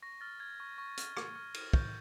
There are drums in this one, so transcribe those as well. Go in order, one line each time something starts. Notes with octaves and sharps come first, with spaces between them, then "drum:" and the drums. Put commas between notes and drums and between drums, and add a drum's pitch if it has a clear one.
C#6 A#6
F6 A6
F6 G#6
C#6
C#6
F6, drum: hi-hat
C#6, drum: rim click
F6
F6, drum: cymbal
C#6 G6, drum: kick